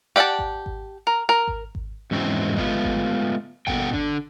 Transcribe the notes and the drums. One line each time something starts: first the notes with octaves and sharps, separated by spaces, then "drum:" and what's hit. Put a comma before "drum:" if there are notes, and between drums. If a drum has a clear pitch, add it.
G4 D5 F5 F#5 A5
drum: kick G#1
drum: kick G#1
A#4
A#4
drum: kick G#1
drum: kick G#1
E2 G#2 F#3 C4 C#4 E4
G#3 A3 B3 D#4 F4, drum: kick G#1
drum: kick G#1
B2 A#3 B3 A4 F#5 G5, drum: kick G#1
D3 D4, drum: kick G#1